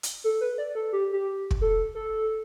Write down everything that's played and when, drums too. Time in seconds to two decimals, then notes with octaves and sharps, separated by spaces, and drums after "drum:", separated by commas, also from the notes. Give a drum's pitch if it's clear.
0.03 drum: hi-hat
0.24 A4
0.41 B4
0.58 D5
0.75 A4
0.93 G4
1.13 G4
1.51 drum: kick
1.61 A4
1.95 A4